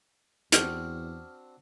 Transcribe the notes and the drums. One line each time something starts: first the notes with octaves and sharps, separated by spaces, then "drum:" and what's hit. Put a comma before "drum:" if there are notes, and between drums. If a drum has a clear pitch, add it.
E2 C4 D4 F#4 F6, drum: hi-hat